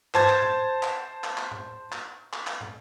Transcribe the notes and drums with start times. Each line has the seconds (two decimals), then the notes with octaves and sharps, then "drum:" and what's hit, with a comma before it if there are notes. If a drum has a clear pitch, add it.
0.14 C5 A5 G#6 A6, drum: clap
0.28 drum: clap
0.42 drum: tom
0.83 drum: clap
1.24 drum: clap
1.38 drum: clap
1.51 drum: tom
1.92 drum: clap
2.33 drum: clap
2.47 drum: clap
2.61 drum: tom